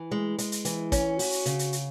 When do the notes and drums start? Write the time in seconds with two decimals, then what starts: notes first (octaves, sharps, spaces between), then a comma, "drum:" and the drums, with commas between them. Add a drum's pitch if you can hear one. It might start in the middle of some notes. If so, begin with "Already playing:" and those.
Already playing: E3
0.12 G#3
0.38 G#3, drum: hi-hat
0.52 drum: hi-hat
0.65 E3, drum: hi-hat
0.92 C#4, drum: kick, hi-hat
1.19 F#4, drum: open hi-hat
1.32 drum: hi-hat
1.46 C#3, drum: hi-hat
1.59 drum: hi-hat
1.73 drum: hi-hat